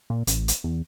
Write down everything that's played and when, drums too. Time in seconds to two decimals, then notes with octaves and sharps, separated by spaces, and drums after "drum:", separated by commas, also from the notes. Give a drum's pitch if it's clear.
0.10 A#2
0.27 A1, drum: hi-hat
0.48 drum: hi-hat
0.64 E2